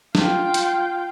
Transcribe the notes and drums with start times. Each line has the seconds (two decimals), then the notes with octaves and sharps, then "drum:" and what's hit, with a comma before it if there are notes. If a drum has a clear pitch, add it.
0.15 F4 G5, drum: snare
0.54 drum: hi-hat